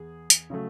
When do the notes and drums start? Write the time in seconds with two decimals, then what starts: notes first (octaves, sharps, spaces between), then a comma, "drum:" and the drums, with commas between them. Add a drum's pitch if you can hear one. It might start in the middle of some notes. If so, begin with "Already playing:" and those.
Already playing: E2 G#4
0.30 drum: hi-hat
0.50 C#3 F#3 A3